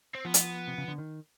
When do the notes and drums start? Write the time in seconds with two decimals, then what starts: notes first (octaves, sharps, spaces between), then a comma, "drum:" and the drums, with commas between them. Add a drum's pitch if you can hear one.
0.15 C4
0.25 F3 B3
0.34 drum: hi-hat
0.67 C3
0.78 C#3
0.88 D3
0.98 D#3